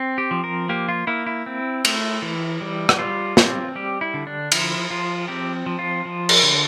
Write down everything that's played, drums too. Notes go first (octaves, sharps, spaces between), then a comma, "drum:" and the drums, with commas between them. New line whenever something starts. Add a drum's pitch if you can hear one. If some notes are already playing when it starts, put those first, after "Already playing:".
Already playing: C4
G4
F3
A#4
A#3 G4
F4
A#3 E4
E4
C4
A3, drum: cymbal
E3
G3
drum: rim click
G3 F4
C4, drum: snare
G3 G4
E4
D3
D4
F3 E4, drum: cymbal
F3 F4
C4 G4
F3
F4
F3
drum: cymbal
D3